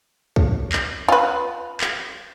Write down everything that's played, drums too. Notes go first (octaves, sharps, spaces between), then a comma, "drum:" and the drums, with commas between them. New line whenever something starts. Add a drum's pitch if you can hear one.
drum: kick
drum: clap
F4 B4
drum: clap